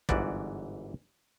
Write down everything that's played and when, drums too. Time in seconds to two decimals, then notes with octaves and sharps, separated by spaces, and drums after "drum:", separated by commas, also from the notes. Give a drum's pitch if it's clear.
0.09 G1 G#2 E3 F#4 D5, drum: kick